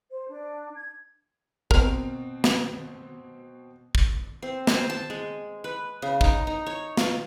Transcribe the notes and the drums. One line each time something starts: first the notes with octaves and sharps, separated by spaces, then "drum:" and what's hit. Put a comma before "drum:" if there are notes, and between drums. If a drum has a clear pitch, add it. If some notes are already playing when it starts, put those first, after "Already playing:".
C5
D4
G#6
B2 C4 A#4, drum: kick
drum: snare
drum: kick
C4
C5, drum: snare
A5
G#3
B4
C#3
D#4, drum: kick
D#4
C#5
F4, drum: snare